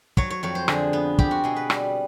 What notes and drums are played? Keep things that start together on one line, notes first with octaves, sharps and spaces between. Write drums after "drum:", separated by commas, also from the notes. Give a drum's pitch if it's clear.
F#3 C#5, drum: kick
C#5
F2 C#5
C5
D3 G#4, drum: rim click
B3
C4 G4, drum: kick
F#4
B2 G#4
B4
G3, drum: rim click